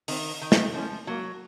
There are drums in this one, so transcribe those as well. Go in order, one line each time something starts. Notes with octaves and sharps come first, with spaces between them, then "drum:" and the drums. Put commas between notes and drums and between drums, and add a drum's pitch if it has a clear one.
D#3 C4, drum: open hi-hat
D#3
C4, drum: snare
F3 C#4
F#3 A#3